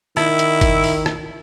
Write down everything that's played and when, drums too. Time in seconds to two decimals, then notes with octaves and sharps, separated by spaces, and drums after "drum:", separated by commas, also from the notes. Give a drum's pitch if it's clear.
0.17 D#3 E4, drum: rim click
0.39 drum: hi-hat
0.61 drum: kick G1, hi-hat
0.84 drum: open hi-hat
1.06 drum: rim click